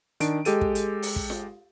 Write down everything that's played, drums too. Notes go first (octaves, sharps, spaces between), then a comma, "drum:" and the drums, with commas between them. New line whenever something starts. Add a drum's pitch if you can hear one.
D#3 D4 D7, drum: hi-hat
G#3 G4 A4 D#7, drum: hi-hat
drum: kick
drum: hi-hat
drum: open hi-hat
drum: kick
drum: snare F4